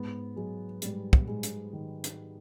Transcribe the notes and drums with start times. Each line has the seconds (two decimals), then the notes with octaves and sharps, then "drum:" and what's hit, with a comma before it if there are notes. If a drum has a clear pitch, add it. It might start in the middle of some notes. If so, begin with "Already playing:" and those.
Already playing: G#2 B3
0.36 F#3 G#3
0.82 G#2 G3, drum: hi-hat
1.13 drum: kick
1.28 G#2 G#3
1.43 drum: hi-hat
1.73 D#3
2.04 drum: hi-hat